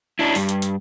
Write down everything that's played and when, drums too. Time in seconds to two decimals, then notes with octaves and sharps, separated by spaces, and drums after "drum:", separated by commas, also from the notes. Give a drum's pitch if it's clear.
0.19 C#4 D4 E4
0.35 G2, drum: open hi-hat
0.49 drum: hi-hat
0.62 drum: hi-hat